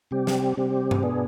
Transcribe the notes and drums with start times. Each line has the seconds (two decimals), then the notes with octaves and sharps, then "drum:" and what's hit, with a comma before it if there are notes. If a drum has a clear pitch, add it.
0.11 C3 G3 C4 G4
0.27 drum: snare
0.57 C3 G3 C4 G4
0.91 drum: tom G2
1.03 B2 B3 D4 G#4